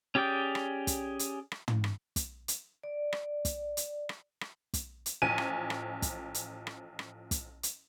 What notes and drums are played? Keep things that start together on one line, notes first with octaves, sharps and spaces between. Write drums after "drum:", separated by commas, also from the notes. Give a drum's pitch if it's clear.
C#4 G4 G#4 D5 G5
drum: rim click
drum: kick, hi-hat
drum: hi-hat
drum: rim click
drum: tom
drum: rim click
drum: kick, hi-hat
drum: hi-hat
D5
drum: rim click
drum: kick, hi-hat
drum: hi-hat
drum: rim click
drum: rim click
drum: kick, hi-hat
drum: hi-hat
A1 F3 G#5 D#7
drum: rim click
drum: rim click
drum: kick, hi-hat
drum: hi-hat
drum: rim click
drum: rim click
drum: kick, hi-hat
drum: hi-hat